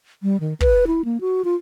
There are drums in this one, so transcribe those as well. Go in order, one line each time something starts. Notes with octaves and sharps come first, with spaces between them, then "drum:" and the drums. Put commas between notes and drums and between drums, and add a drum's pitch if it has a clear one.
G3
D#3
B4, drum: kick
E4
A#3
F#4
F4